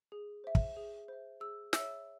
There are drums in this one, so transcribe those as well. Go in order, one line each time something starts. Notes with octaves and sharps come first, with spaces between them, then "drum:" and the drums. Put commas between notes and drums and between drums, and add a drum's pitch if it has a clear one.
G#4
C5 E5
drum: kick
G#4
C5 E5
G#4 E6
E5 E6, drum: snare
C#5